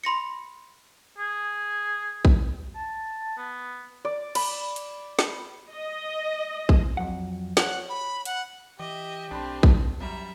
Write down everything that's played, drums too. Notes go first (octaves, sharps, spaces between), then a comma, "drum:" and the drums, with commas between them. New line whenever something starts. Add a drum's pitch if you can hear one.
B5 C6 A#6 C#7
G#4
drum: kick A#1
A5
B3
D5
B5, drum: cymbal
drum: hi-hat
drum: snare
D#5
drum: kick A#1
F2 F#3 F#5
C#5 F#5, drum: snare
B5
F#5, drum: hi-hat
E3 G4 D#5 E5 D6
B1 A3 C4 D4 B5 C6
drum: kick A#1
F#2 G3 E5 A#5